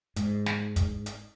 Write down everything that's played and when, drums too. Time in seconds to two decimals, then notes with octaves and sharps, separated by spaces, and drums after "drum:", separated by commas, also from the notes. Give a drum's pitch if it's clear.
0.16 G#2, drum: hi-hat
0.46 drum: snare
0.76 drum: kick, hi-hat
1.06 drum: hi-hat